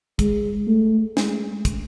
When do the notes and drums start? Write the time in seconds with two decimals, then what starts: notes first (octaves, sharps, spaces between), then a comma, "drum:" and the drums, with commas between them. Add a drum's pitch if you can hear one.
0.19 G#3, drum: kick, hi-hat
0.67 A3
1.17 G#3, drum: snare
1.65 drum: kick, hi-hat